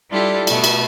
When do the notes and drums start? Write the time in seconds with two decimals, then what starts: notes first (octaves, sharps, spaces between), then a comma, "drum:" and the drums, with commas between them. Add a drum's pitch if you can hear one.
0.10 G3 D4 E4 F4 G4 A4
0.47 B2 A3 B3, drum: cymbal
0.64 drum: cymbal